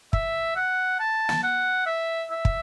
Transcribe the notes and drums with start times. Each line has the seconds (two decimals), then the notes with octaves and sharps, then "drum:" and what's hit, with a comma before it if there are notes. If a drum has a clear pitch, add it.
0.13 E5, drum: kick
0.56 F#5
1.00 A5
1.29 drum: snare
1.43 F#5
1.86 E5
2.30 E5
2.45 drum: kick